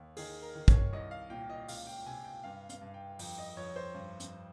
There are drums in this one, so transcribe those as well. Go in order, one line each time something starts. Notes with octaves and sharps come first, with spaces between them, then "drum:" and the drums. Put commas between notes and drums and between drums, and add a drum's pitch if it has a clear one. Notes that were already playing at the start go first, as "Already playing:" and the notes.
Already playing: D#2
D#3 G#4, drum: open hi-hat
A#4
D#3
C#5, drum: kick, hi-hat
C2 D#5
F5
A#2 G5
D#5
C#2 F5, drum: open hi-hat
G5
C3 G#5
G5
G2 F5
F5, drum: hi-hat
G2
G5
F2 G5, drum: open hi-hat
D#5
F2 C#5
C5
G2
drum: hi-hat